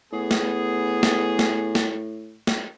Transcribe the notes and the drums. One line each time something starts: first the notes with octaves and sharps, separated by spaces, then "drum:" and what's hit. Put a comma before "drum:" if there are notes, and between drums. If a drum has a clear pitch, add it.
A2 B3 G#4
drum: snare
drum: snare
drum: snare
drum: snare
drum: snare